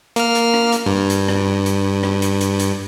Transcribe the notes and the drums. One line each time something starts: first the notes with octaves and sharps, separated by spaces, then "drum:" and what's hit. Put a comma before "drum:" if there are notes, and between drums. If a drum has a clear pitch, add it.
A#3 F6, drum: hi-hat
drum: hi-hat
drum: rim click
drum: hi-hat
G2
drum: hi-hat
drum: rim click
drum: hi-hat
drum: rim click
drum: hi-hat
drum: hi-hat
drum: hi-hat